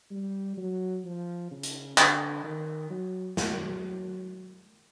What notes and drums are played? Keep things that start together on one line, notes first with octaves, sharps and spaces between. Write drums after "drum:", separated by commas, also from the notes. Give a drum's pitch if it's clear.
G3
F#3
F3
C#3
drum: hi-hat
D3, drum: clap
D#3
F#3
F#3, drum: snare